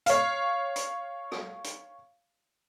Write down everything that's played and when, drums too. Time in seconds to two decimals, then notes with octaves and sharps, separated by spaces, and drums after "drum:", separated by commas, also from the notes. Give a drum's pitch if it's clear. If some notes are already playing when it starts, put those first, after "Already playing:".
0.06 C#5 F5, drum: hi-hat
0.76 drum: hi-hat
1.32 drum: rim click
1.64 drum: hi-hat